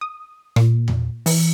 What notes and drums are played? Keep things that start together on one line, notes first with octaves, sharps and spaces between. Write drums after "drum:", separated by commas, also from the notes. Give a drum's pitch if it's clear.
D#6
A#2, drum: rim click
drum: tom E2
E3, drum: open hi-hat